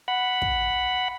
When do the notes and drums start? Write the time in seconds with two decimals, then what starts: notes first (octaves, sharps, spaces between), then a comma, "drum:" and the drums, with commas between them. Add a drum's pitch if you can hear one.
0.08 F#5 B5
0.42 drum: kick